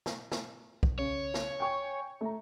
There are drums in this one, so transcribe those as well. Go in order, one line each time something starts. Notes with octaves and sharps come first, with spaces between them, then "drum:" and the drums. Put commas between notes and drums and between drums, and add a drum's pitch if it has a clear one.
drum: snare
drum: snare
drum: kick B1
C#3 C#5
drum: snare
G5 G#5 C#6
A3 A#5